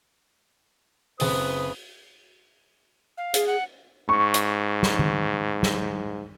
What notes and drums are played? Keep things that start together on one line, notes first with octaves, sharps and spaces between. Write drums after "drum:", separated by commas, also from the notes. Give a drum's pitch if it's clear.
F#1 C4 B4 D#6, drum: open hi-hat
F5
G#4, drum: hi-hat
F#5
G#2 C#6
drum: hi-hat
drum: snare
drum: tom D#3
drum: snare